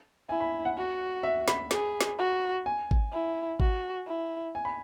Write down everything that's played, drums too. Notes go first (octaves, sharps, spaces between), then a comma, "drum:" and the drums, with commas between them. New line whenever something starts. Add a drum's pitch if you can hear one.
E4 G#5
B5
F#5
F#4
E5
B5, drum: snare
G#4, drum: snare
drum: snare
F#4
G#5
drum: kick G#1
E4
F#4, drum: kick G#1
E4
G#5
B5